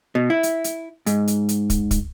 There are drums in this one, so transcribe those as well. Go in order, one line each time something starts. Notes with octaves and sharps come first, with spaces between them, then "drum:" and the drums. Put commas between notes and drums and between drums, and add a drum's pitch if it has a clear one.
B2
E4
drum: hi-hat
drum: hi-hat
G#2, drum: hi-hat
drum: hi-hat
drum: hi-hat
drum: kick, hi-hat
drum: kick, hi-hat